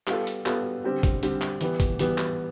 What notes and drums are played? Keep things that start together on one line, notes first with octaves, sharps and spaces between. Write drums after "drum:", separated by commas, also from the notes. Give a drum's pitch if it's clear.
G3 B3 F4 A4, drum: clap
drum: hi-hat
G3 B3 F4 A4, drum: clap
D3 G3 C4 G4
drum: kick, hi-hat
D3 G3 C4 G4, drum: hi-hat
drum: clap
E3 G3 B3, drum: hi-hat
drum: kick, hi-hat
E3 G3 B3, drum: hi-hat
drum: clap